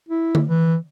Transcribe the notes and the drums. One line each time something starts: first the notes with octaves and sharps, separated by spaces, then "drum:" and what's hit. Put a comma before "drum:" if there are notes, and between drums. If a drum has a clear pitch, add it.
E4
drum: tom D3
E3